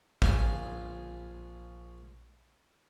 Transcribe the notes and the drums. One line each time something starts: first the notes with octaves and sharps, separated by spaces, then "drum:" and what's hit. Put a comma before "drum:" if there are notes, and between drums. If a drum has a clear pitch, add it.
A#1 F4 G#5, drum: kick